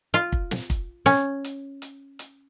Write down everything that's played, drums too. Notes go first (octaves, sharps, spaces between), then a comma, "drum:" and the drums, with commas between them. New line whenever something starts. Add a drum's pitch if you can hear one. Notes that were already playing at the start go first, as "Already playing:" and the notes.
F4
drum: kick
drum: snare
drum: kick, hi-hat
C#4, drum: snare
drum: hi-hat
drum: hi-hat
drum: hi-hat